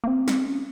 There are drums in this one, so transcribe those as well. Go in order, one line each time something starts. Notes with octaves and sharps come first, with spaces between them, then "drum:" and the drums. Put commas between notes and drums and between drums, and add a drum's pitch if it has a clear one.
A#3
C4
drum: snare
C#4